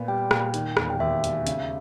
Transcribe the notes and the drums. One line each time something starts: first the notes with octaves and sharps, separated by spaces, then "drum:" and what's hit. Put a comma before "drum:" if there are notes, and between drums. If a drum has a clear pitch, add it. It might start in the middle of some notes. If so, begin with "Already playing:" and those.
Already playing: A#2 B3
G3 G5
A#2, drum: rim click
D#3, drum: hi-hat
E1, drum: rim click
G5
D#2 E5
E1, drum: hi-hat
C#3, drum: hi-hat